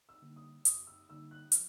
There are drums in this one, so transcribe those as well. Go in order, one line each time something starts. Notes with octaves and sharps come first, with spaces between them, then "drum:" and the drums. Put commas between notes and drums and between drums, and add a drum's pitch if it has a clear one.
E6
D3 G3 A#3 D#4
D#6
F#2 D#6, drum: hi-hat
E6
D3 G3 A#3 D#4 E6
F#6
F3 F6, drum: hi-hat